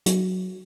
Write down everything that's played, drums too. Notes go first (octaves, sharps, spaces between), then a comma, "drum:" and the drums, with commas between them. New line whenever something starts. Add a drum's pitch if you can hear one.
F#3, drum: hi-hat